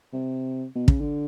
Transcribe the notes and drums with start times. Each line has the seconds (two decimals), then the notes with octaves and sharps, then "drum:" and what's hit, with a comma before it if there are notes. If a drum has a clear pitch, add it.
0.13 C3
0.75 B2
0.88 C#3, drum: kick
1.01 D3